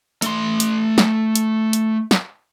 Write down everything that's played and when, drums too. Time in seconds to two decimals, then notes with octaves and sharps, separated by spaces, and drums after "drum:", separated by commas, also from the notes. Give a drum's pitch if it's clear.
0.22 A3 C6, drum: hi-hat
0.60 drum: hi-hat
0.98 drum: snare
1.36 drum: hi-hat
1.73 drum: hi-hat
2.11 drum: snare